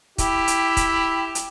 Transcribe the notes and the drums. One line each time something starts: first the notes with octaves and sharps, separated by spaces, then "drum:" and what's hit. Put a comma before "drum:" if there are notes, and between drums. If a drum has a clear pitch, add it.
E4 G4, drum: kick C#1, hi-hat
drum: hi-hat
drum: kick C#1, hi-hat
drum: hi-hat